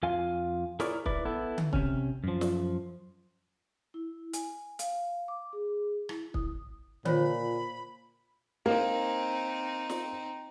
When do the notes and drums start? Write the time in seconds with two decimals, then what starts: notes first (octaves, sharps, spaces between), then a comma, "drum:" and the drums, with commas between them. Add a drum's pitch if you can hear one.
0.03 F2 F4 F5 G#5
0.80 E4 G#4 A#4 C#5 D5, drum: snare
1.06 E4 B4 D5, drum: kick
1.25 B3 E4 A4
1.58 drum: tom D3
1.73 C3 C#4, drum: kick
2.24 F#2 F3
2.41 drum: snare
3.94 E4
4.33 G#5, drum: hi-hat
4.79 F5, drum: hi-hat
5.28 D6
5.53 G#4
6.09 E4, drum: rim click
6.34 D#6, drum: kick
7.05 A#2 F4 C5 C#5 B5, drum: tom D3
8.66 A#3 C4 D#4
9.90 drum: snare